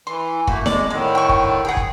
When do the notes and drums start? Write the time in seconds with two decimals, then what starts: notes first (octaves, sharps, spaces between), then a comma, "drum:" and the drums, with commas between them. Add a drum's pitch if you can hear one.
0.07 E3 C6
0.47 A3 A#3 F#4, drum: kick
0.66 F2 G#3 D5, drum: snare D#4
0.90 A2 D3 D#3 G#3
1.15 G5 C#6
1.29 drum: kick
1.65 G#4 F#5 G5
1.77 drum: kick